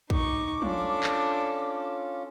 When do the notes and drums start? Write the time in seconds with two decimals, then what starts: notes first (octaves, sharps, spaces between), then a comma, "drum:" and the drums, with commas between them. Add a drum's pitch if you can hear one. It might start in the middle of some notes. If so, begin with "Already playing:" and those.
0.10 D#4 C#6 D6, drum: kick
0.62 C#4 D4 F4 A4, drum: tom
1.03 drum: clap